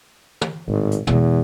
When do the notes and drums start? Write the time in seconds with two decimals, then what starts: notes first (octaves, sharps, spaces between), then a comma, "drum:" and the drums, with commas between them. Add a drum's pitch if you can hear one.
0.41 drum: tom
0.68 G#1 A2
0.92 drum: hi-hat
1.07 E2 B2 G#3, drum: tom